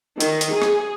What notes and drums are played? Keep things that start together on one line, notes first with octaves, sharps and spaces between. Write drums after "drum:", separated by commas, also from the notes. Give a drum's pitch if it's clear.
D#3, drum: hi-hat
drum: hi-hat
G#4
drum: rim click